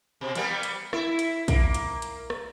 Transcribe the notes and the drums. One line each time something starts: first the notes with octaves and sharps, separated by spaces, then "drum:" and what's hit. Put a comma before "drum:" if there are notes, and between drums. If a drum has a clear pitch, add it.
B2
G3 A#3 B3, drum: hi-hat
drum: hi-hat
E4, drum: rim click
drum: hi-hat
A#3, drum: kick, hi-hat
drum: hi-hat
drum: hi-hat
drum: rim click